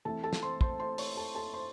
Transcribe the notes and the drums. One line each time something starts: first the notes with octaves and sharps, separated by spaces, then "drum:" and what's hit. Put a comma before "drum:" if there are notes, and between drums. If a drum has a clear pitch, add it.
E3 A3 C4 A4 A5
A4 A5
drum: snare
C5 C6
C5 C6, drum: kick
C5 C6
C#5 C#6, drum: open hi-hat
A4 A5
A4 A5
C5 C6